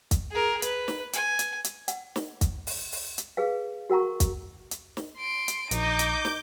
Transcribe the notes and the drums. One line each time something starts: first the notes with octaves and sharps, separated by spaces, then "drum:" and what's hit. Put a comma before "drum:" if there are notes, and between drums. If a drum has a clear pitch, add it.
drum: kick, hi-hat
G#4 A#4
B4, drum: hi-hat
drum: snare
G#5, drum: hi-hat
drum: hi-hat
drum: hi-hat
F#5, drum: hi-hat
drum: snare
drum: kick, hi-hat
drum: open hi-hat
drum: open hi-hat
drum: hi-hat
G#4 B4 F5
F#4 A#4 F#5 A#5 C#6
drum: kick, hi-hat
drum: hi-hat
drum: snare
C6 D7
drum: hi-hat
A#1 D#4 D6 G6, drum: hi-hat
drum: hi-hat
drum: snare